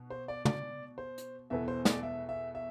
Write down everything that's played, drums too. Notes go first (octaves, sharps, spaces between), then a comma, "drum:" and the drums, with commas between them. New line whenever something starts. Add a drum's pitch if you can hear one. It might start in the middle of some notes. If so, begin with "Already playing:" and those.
Already playing: B2 B3
C5
D5
D5, drum: tom
C5
drum: hi-hat
E2 B2 B3 E4 A4 E5
C5
D5, drum: snare
E5
E5
E5